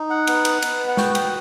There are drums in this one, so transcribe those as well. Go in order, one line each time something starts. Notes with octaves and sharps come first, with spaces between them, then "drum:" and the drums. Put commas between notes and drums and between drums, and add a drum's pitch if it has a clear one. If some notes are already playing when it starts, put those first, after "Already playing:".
Already playing: D#4
F#5
B3, drum: cymbal
drum: cymbal
B3, drum: cymbal
F#5
F#4 G5, drum: snare
G5, drum: cymbal